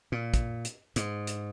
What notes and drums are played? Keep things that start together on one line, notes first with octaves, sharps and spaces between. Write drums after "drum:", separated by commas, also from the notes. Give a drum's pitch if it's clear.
A#2
drum: kick, hi-hat
drum: hi-hat
G#2, drum: hi-hat
drum: hi-hat